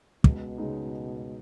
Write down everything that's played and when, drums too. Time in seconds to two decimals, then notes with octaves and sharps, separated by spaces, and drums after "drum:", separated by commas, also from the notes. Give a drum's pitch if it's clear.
0.24 C#2 B2, drum: kick
0.58 C#3 G#3 D#4